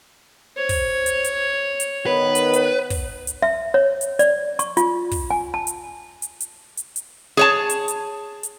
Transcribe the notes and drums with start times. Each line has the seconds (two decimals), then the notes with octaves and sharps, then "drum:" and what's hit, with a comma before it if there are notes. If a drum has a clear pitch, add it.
0.57 C5 C#5
0.69 drum: kick, open hi-hat
1.06 drum: hi-hat
1.24 drum: hi-hat
1.80 drum: hi-hat
2.06 D#3 B3 B4 C#5
2.35 drum: hi-hat
2.53 drum: hi-hat
2.90 drum: kick, open hi-hat
3.27 drum: hi-hat
3.42 E5
3.74 C#5
4.01 drum: hi-hat
4.19 D5, drum: hi-hat
4.59 C#6, drum: hi-hat
4.77 F4, drum: hi-hat
5.11 drum: kick, open hi-hat
5.30 G#5
5.54 A5
5.67 drum: hi-hat
6.22 drum: hi-hat
6.40 drum: hi-hat
6.77 drum: hi-hat
6.96 drum: hi-hat
7.37 G#4 C#5 A5
7.69 drum: hi-hat
7.88 drum: hi-hat
8.43 drum: hi-hat